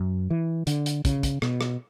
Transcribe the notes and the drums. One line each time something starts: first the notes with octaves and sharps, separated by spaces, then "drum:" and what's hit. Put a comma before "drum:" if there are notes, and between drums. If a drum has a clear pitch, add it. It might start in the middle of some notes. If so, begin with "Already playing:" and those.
Already playing: F#2
E3
D3, drum: hi-hat
drum: hi-hat
C#3, drum: kick, hi-hat
drum: kick, hi-hat
B2, drum: rim click
drum: rim click